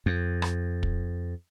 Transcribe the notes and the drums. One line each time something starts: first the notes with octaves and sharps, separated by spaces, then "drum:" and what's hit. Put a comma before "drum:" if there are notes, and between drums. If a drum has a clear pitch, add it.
F2
drum: rim click
drum: kick